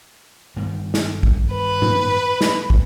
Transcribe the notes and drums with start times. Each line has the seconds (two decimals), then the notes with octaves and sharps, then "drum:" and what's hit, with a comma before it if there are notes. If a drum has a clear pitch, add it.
0.56 G2 D#3 B3
0.94 drum: snare
1.23 drum: kick
1.53 B4
1.82 drum: tom
2.41 drum: snare
2.70 drum: kick